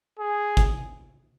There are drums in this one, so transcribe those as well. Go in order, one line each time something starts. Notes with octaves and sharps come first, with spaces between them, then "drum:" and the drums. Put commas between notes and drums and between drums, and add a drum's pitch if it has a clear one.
G#4
drum: kick, hi-hat